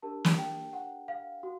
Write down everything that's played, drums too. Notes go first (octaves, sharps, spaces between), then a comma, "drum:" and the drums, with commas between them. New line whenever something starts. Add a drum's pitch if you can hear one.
D4 G4 A#4 A5
drum: snare
G5
F#5
F5
F#4